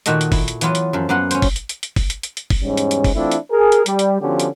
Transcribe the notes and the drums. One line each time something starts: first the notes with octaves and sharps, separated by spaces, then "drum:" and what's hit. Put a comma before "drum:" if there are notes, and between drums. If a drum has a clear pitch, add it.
A#2 D#3 F#4 A4 D#5, drum: hi-hat
drum: hi-hat
E4, drum: kick, open hi-hat
drum: hi-hat
E3 F#3 B3 F4, drum: hi-hat
drum: hi-hat
F#2 F3
F#2 A#3 B3 F5 F#5 C6
C#4 C5, drum: hi-hat
drum: kick, open hi-hat
drum: hi-hat
drum: hi-hat
drum: hi-hat
drum: kick, open hi-hat
drum: hi-hat
drum: hi-hat
drum: hi-hat
drum: kick, open hi-hat
E2 G#2 G3 C#4
drum: hi-hat
drum: hi-hat
drum: kick, open hi-hat
E3 A3 C4 D4 E4 F4
drum: hi-hat
G#4 A#4
drum: hi-hat
G3, drum: hi-hat
drum: hi-hat
D3 F3 B3 C#4 F#4 G4
drum: hi-hat